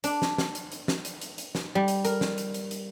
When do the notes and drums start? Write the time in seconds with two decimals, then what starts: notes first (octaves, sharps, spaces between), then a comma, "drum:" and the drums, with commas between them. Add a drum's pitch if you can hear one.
0.04 D4, drum: hi-hat
0.22 drum: snare
0.38 drum: snare
0.55 drum: hi-hat
0.72 drum: hi-hat
0.88 drum: snare
1.05 drum: hi-hat
1.21 drum: hi-hat
1.38 drum: hi-hat
1.55 drum: snare
1.75 G3
1.88 drum: hi-hat
2.05 A#4, drum: hi-hat
2.21 drum: snare
2.38 drum: hi-hat
2.54 drum: hi-hat
2.71 drum: hi-hat